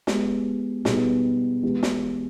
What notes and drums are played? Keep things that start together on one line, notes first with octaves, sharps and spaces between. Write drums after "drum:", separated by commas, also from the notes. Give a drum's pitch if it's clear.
G#3 B3 G4, drum: snare
B2 G3 B3 D#4 G#4, drum: snare
E3 G#3 B3 G4
drum: snare